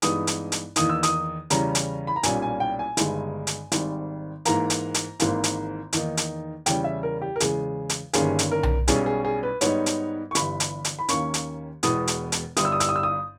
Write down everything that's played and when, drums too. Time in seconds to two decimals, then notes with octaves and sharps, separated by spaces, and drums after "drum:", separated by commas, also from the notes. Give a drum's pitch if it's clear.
0.02 G2 E3 G#3 B3 D#4 D#6, drum: hi-hat
0.27 drum: hi-hat
0.52 drum: hi-hat
0.76 E2 D#3 A#3 D#4 D#6, drum: hi-hat
0.89 E6
1.03 D#6, drum: hi-hat
1.50 E2 C#3 G3 C#4 A#5, drum: hi-hat
1.75 drum: hi-hat
2.07 B5
2.16 A#5
2.23 B1 A#2 G3 C#4 G#5, drum: hi-hat
2.42 G#5
2.60 G5
2.79 G#5
2.97 G1 G2 D#3 G#3 D#4, drum: hi-hat
3.47 drum: hi-hat
3.72 G#1 G#2 D#3 G3, drum: hi-hat
4.45 G#2 E3 A#3 A#5, drum: hi-hat
4.70 drum: hi-hat
4.94 drum: hi-hat
5.20 G#1 G#2 E3 A#3, drum: hi-hat
5.44 drum: hi-hat
5.93 E2 D#3 A#3 D#4, drum: hi-hat
6.17 drum: hi-hat
6.66 E2 C#3 G3 C#4 G5, drum: hi-hat
6.84 E5
7.03 A#4
7.21 G4
7.36 A#4
7.40 E2 C#3 G#3 G#4, drum: hi-hat
7.89 drum: hi-hat
8.13 G1 G2 D#3 A#3 C#4 G#4, drum: hi-hat
8.39 drum: hi-hat
8.52 A#4
8.63 drum: tom B1
8.88 B1 B2 G3 C#4 G#4, drum: hi-hat
9.06 G#4
9.25 G#4
9.43 B4
9.61 G#2 G3 B3 D#4 C#5, drum: hi-hat
9.86 drum: hi-hat
10.31 C#6
10.35 G1 G2 E3 B5, drum: hi-hat
10.60 drum: hi-hat
10.85 drum: hi-hat
10.99 B5
11.09 D#2 D#3 A#3 C#4 C#6, drum: hi-hat
11.34 drum: hi-hat
11.83 E1 E2 B2 G#3 B3 D#6, drum: hi-hat
12.07 drum: hi-hat
12.32 drum: hi-hat
12.57 G1 G2 G3 D#6, drum: hi-hat
12.65 E6
12.72 D#6
12.80 E6, drum: hi-hat
12.89 D#6
12.96 E6
13.03 D#6